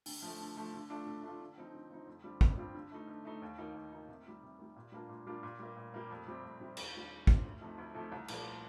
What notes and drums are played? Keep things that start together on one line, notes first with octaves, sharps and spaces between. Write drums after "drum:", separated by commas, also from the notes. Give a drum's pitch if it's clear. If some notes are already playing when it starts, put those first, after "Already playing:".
D3, drum: open hi-hat
F3 A3
D3
F3 A3
D3
A3 D4 F4
D3
A3 D4 F4
D3
F3 C4 D#4
D3
F3 C4 D#4
F2
D3 G3 C4 F4
F2, drum: kick
D3 G3 C4 F4
D3
A3 D#4
D3
A3 D#4
D#2
D#3 A#3 D#4
D#2
D#3 A#3 D#4
C3
D#3 G3
C3
D#3 G3
A#2
G3 A#3 D4 F4
A#2
G3 A#3 D4 F4
A#2
G3 A#3
A#2
G3 A#3
F2
C3 G3 C4
F2
C3 G3 C4
D#2, drum: cymbal
D3 G3 C4 F4
D#2
D3 G3 C4 F4, drum: kick
D2
C3 F3 A3 D#4
D2
C3 F3 A3 D#4
C2
A#2 F3 A#3, drum: cymbal